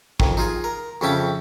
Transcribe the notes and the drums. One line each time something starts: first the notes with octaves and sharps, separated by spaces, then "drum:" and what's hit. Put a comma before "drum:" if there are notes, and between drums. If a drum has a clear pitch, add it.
F2 D#3, drum: kick
D#4 F4 G#4
A#4
F2 C#3 C#4 E5 G5 A5